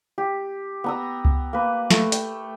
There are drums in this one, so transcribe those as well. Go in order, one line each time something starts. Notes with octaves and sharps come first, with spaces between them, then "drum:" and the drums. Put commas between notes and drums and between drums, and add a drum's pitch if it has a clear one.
G4
B3 A#5 E6
drum: kick C#2
A#3 B4
A3, drum: snare
G5, drum: hi-hat